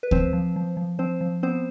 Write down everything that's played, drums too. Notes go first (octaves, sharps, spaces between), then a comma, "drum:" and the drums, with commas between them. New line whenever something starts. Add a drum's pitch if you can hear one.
B4
F3 C4 C5, drum: kick D2
F3
F3
F3
F3 C4 C5
F3
B3 C4 C5